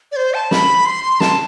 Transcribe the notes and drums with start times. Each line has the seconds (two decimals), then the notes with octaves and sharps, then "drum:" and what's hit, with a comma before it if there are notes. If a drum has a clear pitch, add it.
0.12 D5
0.16 C5
0.34 A5
0.51 B5, drum: snare
0.86 C6
1.20 A5, drum: snare